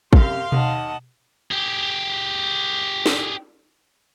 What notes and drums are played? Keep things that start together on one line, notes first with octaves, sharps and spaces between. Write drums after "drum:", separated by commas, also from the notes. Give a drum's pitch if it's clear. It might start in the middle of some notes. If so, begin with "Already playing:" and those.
F#2 C3 G4 F5 C6, drum: kick
D#2 D#5 F#5 A5, drum: tom B2
G4 G#4
drum: snare